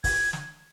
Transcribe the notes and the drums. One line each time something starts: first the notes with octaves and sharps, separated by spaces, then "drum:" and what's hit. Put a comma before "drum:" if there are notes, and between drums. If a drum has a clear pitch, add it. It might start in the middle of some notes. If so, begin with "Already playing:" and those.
G#6, drum: kick, open hi-hat
drum: snare